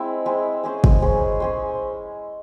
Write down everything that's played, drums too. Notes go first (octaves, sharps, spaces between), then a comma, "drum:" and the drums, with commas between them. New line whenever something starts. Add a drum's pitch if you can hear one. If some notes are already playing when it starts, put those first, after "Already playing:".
Already playing: G#3 C4 E4
G#3 C4 E4
G#3 C#4 G#4 C5
drum: kick
G#3 C#4 G#4 C5
C#4 G#4 C5